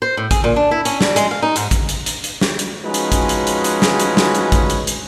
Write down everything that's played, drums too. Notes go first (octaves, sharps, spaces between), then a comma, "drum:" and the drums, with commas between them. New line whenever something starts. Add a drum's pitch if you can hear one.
C5
A2
G#4, drum: kick A1, hi-hat
A#2
D4
E4
C#4, drum: hi-hat
G3, drum: snare
G#3, drum: hi-hat
F5
D#4
G#2, drum: hi-hat
drum: kick A1, hi-hat
drum: hi-hat
drum: hi-hat
drum: hi-hat
drum: snare
drum: hi-hat
F3 G#3 C#4 D#4 F#4 B4
drum: hi-hat
drum: kick A1, hi-hat
drum: hi-hat
drum: hi-hat
drum: hi-hat
drum: snare
drum: hi-hat
drum: snare
drum: hi-hat
drum: kick A1, hi-hat
drum: hi-hat
drum: hi-hat